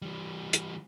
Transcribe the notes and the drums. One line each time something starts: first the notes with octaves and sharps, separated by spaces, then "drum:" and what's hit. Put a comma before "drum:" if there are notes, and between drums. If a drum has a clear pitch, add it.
E3 G3
drum: hi-hat